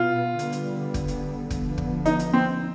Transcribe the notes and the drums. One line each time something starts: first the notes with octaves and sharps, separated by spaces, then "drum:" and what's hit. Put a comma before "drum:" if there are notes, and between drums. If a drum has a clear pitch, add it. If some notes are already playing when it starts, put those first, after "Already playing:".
Already playing: B2 B3 F4
D3 G3 B3, drum: hi-hat
drum: hi-hat
drum: kick, hi-hat
drum: hi-hat
D3 F3 B3, drum: kick, hi-hat
drum: kick
D#4, drum: hi-hat
drum: hi-hat
C4